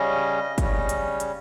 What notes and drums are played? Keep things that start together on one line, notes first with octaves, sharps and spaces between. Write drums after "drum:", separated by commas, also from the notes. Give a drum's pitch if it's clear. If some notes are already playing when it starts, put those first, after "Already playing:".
Already playing: C#3 G3 C#4 D#5
C#3 G3 C#4, drum: kick G1, hi-hat
drum: hi-hat
drum: hi-hat